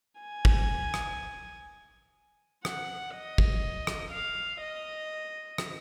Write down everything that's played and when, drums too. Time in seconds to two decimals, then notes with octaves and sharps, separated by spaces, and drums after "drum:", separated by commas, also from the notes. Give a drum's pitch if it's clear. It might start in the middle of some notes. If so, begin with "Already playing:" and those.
0.20 G#5
0.45 drum: kick
0.94 drum: rim click
2.65 F#5, drum: rim click
3.14 D#5
3.38 drum: kick
3.87 drum: rim click
4.11 F5
4.60 D#5
5.58 drum: rim click